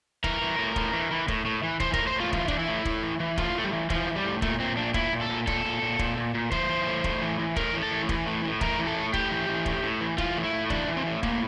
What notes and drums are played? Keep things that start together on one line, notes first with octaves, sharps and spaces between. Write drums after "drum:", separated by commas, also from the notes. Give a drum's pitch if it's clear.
E3 A#4, drum: kick
E3
A2
A2, drum: kick
E3
E3
A2, drum: kick
A2
E3
E3 C5, drum: kick
A#4, drum: kick
A2
C5
A2 F4
E3 F4, drum: kick
E3 D4, drum: kick
E4
A2
A2, drum: kick
E3
E3
A2 F4, drum: kick
A2 A3
G3
E3
E3 F3, drum: kick
A2
G3
A2
A#2 A3, drum: kick
A#2 C4
A#2 D4
A#2 E4, drum: kick
A#2
A4
A#2
A#2 A4, drum: kick
A#2
A#2
A#2, drum: kick
A#2
A#2
E3 C5, drum: kick
E3
A2
A2, drum: kick
E3
E3
A2 A#4, drum: kick
A2
A4
E3
E3, drum: kick
A2
A2
E3 A#4, drum: kick
E3
A4
A2
A2 G4, drum: kick
E3
E3
A2, drum: kick
A2
E3
E3 F4, drum: kick
A2
E4
A2
E3 D4, drum: kick
E3
C4
A2
A2 A#3, drum: kick